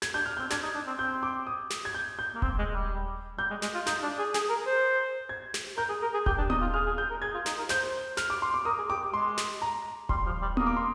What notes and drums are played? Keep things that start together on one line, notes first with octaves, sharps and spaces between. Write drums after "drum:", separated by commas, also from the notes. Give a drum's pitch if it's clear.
G#6, drum: snare
D4 G6
F6
C4 G6
D4 G#6, drum: snare
D#4
D4
C4
C4 G6
D6
D#6
drum: snare
G#6
G6
G6
A#3
C4, drum: kick D#1
G#3
G3
G3 G6
G#3
G#3, drum: snare
F4
D#4 G6, drum: snare
D4
G#4
G#4, drum: snare
A#4
C5
G#6
drum: snare
A#4 G6
G#4
A#4
G#4
G4 G6, drum: kick D#1
D4
D#4 D#6, drum: tom B3
F4
G#4 F6
G#4
G6
A#4
G#4 G#6
F4
D#4, drum: snare
A#4
C5 G6, drum: snare
F6, drum: snare
D6
C6
D6
A#4 D#6
G#4
G4 D6
G#3 C6
drum: snare
A#5
G3 C6, drum: kick D#1
F3
G3
A#3 D#6, drum: tom B3
D6
C6